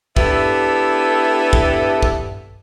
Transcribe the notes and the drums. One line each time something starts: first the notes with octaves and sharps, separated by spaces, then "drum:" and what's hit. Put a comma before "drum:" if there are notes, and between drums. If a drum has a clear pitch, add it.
B3 D4 E4 G4 A4, drum: kick
drum: kick
drum: kick